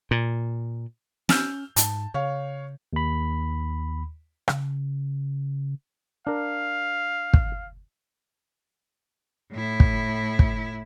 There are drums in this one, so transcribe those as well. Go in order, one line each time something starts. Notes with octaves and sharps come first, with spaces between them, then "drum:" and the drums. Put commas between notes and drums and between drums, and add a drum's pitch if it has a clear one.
A#2
C#4 E6 F6 G6, drum: snare
G#2 A5, drum: hi-hat
C#3 C#5 F5
D#2 B5
C#3, drum: rim click
D4 A#4 F5
drum: kick
A2 E4
drum: kick
drum: kick